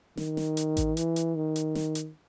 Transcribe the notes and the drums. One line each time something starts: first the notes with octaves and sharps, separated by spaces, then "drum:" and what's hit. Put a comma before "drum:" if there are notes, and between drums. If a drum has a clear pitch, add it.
D#3, drum: snare
drum: snare
drum: hi-hat
drum: kick A1, hi-hat
E3, drum: hi-hat
drum: hi-hat
D#3
drum: hi-hat
drum: snare
drum: hi-hat